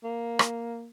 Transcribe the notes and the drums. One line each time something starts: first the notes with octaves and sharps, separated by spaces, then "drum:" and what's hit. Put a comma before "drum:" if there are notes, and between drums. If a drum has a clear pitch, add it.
A#3
drum: rim click